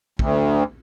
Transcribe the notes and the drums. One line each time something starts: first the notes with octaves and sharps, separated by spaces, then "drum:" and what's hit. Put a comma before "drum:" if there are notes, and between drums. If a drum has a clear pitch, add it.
D2, drum: kick